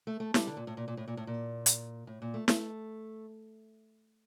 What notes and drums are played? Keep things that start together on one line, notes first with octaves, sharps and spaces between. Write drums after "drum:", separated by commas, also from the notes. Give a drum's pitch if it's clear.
A3
A3
G3, drum: snare
D3
A#2
A2
A#2
A#2
A2
A#2
A2
A#2
drum: hi-hat
A2
A#2
A3
A3, drum: snare